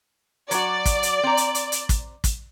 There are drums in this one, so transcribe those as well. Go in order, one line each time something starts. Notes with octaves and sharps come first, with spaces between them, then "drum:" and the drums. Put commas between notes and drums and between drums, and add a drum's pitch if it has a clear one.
F#3 F#4 D5, drum: hi-hat
drum: kick, hi-hat
drum: hi-hat
C4 A#5
drum: hi-hat
drum: hi-hat
drum: hi-hat
drum: kick, hi-hat
drum: kick, hi-hat